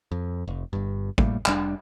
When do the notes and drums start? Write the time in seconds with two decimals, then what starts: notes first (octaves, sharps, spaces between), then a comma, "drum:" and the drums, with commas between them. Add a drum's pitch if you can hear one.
0.12 F2
0.48 F1
0.73 G1 G2
1.18 A2 G3 A3 A#3, drum: kick
1.46 F1 G3 D4, drum: clap